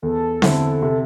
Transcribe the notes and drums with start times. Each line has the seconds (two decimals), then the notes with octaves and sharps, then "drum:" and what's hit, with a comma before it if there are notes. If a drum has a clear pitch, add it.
0.02 E2 A4
0.42 D3 C4 E4, drum: snare C4
0.82 C3